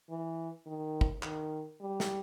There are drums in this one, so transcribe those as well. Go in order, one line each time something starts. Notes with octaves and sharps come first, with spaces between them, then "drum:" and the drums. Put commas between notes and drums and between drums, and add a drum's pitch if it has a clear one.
E3
D#3
drum: kick
D#3, drum: clap
G3
drum: snare